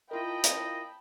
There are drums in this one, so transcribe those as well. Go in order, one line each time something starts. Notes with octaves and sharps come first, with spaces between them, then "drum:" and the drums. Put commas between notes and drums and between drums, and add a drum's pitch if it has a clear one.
E4 F4 A#4 D#5 G5 A5 B5
drum: hi-hat